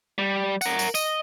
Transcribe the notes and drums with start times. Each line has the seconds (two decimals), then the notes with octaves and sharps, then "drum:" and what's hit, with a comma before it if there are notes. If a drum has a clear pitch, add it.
0.18 G3
0.61 A#4 F#5, drum: tambourine
0.79 drum: tambourine
0.95 D#5, drum: tambourine